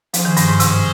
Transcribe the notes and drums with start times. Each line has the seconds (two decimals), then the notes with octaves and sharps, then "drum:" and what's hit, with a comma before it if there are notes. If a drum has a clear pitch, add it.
0.14 F3 G#3 C#4 G#4 C5, drum: hi-hat
0.25 D#3
0.37 G2, drum: hi-hat
0.49 G#2
0.60 C3, drum: hi-hat